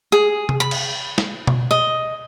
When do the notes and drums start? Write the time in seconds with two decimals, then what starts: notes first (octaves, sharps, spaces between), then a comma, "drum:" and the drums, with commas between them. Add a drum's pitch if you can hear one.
0.12 G#4
0.49 drum: tom C3
0.60 B5
0.71 drum: cymbal
1.18 drum: snare
1.47 drum: tom B2
1.71 D#5